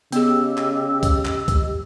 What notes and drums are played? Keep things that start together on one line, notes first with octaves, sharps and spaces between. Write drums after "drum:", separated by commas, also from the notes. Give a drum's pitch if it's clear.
C#3 B3 G4 G#4 D#5 E6, drum: hi-hat
drum: clap
drum: kick C#2, hi-hat
drum: clap
drum: kick C#2, hi-hat